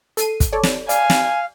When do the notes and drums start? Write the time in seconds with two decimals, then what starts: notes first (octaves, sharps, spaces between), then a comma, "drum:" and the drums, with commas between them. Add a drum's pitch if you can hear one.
0.17 A4 C7 D#7, drum: hi-hat
0.40 drum: kick, hi-hat
0.52 A4 C#5 D5
0.63 drum: snare
0.89 D5 F5 G#5, drum: hi-hat
1.10 drum: snare